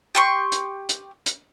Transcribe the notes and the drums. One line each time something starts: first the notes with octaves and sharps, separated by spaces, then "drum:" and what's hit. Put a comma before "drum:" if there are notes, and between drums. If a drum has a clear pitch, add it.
G4 C6 C#6
drum: hi-hat
drum: hi-hat
drum: hi-hat